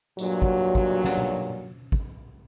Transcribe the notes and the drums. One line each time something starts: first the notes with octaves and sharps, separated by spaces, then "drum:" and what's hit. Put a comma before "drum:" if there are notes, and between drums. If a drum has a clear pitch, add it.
G2 A#2 F#3, drum: tambourine
drum: kick
drum: kick
drum: snare
drum: tom B2
drum: kick